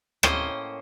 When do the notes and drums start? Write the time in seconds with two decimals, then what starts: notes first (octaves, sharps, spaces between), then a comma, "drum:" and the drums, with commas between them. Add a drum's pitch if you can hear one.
0.23 A2 A#3 C#4 C5 D#5 G5, drum: rim click